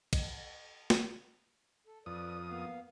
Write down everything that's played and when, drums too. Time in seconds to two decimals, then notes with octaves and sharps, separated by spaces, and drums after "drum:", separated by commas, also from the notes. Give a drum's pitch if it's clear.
0.13 drum: kick, cymbal
0.90 drum: snare
1.87 A4
2.06 F2 B4 D5 D#6
2.49 A#3 B3 F5